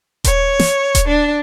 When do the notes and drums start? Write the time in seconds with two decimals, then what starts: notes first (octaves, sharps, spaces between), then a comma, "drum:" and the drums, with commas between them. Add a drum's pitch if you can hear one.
0.24 C#5, drum: kick D#1, hi-hat
0.60 drum: snare
0.95 drum: kick D#1, hi-hat
1.08 D4